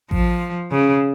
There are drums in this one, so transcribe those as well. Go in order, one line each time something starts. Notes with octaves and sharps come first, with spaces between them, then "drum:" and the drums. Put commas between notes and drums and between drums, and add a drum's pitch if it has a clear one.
F3, drum: kick A1
C#3